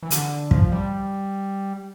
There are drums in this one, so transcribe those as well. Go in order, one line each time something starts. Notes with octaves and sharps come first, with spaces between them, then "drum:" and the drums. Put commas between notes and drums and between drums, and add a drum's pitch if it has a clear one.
E3
D3, drum: hi-hat
F3, drum: kick
G3